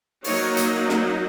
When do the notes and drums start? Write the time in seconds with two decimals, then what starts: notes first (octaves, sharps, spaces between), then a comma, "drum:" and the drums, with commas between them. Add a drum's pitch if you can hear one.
0.24 F#3 A#3 D#4 C#5, drum: open hi-hat
0.57 drum: hi-hat
0.89 drum: snare